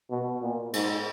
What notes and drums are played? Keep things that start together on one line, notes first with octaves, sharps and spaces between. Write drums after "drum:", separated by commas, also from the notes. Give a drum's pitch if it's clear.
B2
A#2
G#2, drum: cymbal